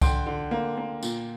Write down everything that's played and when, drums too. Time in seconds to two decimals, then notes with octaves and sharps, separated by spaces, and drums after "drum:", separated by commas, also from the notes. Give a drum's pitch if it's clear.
0.02 D3 G5 C6, drum: kick C2, tambourine
0.26 D3
0.51 A#3
0.77 A#3
1.03 A#2, drum: tambourine